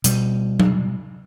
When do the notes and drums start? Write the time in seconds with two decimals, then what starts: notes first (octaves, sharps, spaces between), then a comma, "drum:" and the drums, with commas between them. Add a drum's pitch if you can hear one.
0.04 B2 G3, drum: hi-hat
0.60 drum: tom F#3